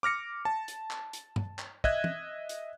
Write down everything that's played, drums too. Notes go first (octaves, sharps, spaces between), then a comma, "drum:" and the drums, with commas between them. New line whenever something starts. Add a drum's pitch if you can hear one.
D6 F6 A#6 C#7
A5
drum: hi-hat
drum: clap
drum: hi-hat
drum: tom G2
drum: clap
D#5 E5 F#6 G#6, drum: kick
drum: tom
drum: hi-hat